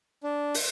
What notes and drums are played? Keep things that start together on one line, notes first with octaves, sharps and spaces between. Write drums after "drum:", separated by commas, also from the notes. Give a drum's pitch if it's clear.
D4
drum: open hi-hat